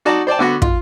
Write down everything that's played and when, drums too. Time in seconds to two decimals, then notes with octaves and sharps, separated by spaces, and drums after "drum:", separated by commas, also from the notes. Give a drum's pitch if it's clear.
0.05 D#4 F#4 D5 A5 A#5
0.27 C5 D5 G5 A5
0.39 D3 B3 F#4
0.62 F4, drum: kick